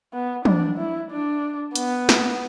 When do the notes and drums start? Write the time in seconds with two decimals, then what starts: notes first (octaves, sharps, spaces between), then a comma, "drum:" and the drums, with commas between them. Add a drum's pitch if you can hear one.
0.14 B3
0.45 D4, drum: tom
0.78 E4
1.11 D4
1.76 B3, drum: hi-hat
2.09 drum: snare